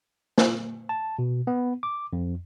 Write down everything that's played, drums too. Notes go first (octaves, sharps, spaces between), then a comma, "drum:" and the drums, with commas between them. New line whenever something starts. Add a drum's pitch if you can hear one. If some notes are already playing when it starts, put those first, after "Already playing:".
drum: snare
A5
B2
B3
D6
F2